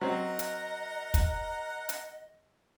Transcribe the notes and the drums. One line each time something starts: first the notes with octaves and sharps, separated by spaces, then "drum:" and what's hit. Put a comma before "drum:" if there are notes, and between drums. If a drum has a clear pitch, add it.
F#3 C4 A#4 D#5 F#5 A#5
drum: hi-hat
drum: kick, hi-hat
drum: hi-hat